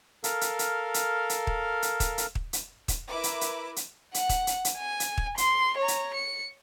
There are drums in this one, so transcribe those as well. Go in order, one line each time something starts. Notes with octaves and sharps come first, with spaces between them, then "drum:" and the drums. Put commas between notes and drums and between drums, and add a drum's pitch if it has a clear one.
A4 A#4 F5, drum: hi-hat
drum: hi-hat
drum: hi-hat
drum: hi-hat
drum: hi-hat
drum: kick
drum: hi-hat
drum: kick, hi-hat
drum: hi-hat
drum: kick
drum: hi-hat
drum: kick, hi-hat
E4 A#4 B4 D6
drum: hi-hat
drum: hi-hat
drum: hi-hat
F#5, drum: hi-hat
drum: kick, hi-hat
drum: hi-hat
drum: hi-hat
G#5
drum: hi-hat
drum: kick
C6, drum: hi-hat
C#5 A#5
drum: hi-hat
C#7